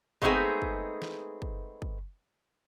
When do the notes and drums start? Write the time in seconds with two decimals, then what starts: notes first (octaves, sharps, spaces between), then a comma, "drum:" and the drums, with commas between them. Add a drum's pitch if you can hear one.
0.22 G#3 A3 B3 C4 D#4 G#4, drum: kick
0.62 drum: kick
1.02 drum: snare
1.42 drum: kick
1.82 drum: kick